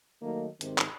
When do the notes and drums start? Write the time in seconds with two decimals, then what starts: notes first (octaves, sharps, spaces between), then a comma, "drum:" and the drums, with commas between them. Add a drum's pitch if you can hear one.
0.22 D#3 F#3 A3 A#3 D#4
0.61 G#2 C3 D#3, drum: hi-hat
0.78 drum: clap